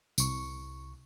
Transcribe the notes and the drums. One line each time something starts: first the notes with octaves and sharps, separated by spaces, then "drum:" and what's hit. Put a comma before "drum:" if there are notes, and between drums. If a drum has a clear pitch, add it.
C2 C#6, drum: tambourine